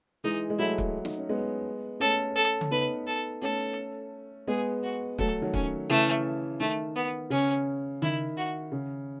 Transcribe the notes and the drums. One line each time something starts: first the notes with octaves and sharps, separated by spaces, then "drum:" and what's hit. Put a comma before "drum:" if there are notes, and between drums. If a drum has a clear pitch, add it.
E3 G#3 D#4
G#3
F#3 A3 E4
drum: kick
D#4, drum: snare
C#4
G#3 B3
A3 C#4 A4
A4
drum: tom C#3
B3 D#4 B4
A4
A3 C#4 A4
G#3 B3 G#4
F#4
F#3 A3 A4, drum: kick
D#3 F#3
C#4, drum: kick
C#3 E3 A3
D#3 A3
B3
C#3 C#4
D#3 E4, drum: tom C#3
F#4
C#3